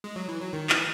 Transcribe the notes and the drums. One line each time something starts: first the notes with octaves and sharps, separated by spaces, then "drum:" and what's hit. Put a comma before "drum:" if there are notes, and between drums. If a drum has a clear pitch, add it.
G#3
F#3
E3
F#3
D#3
E3, drum: clap